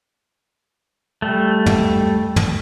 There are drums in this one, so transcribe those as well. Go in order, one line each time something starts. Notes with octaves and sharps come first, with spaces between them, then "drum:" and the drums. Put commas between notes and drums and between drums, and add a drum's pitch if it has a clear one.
G3 A3
drum: tom
drum: tom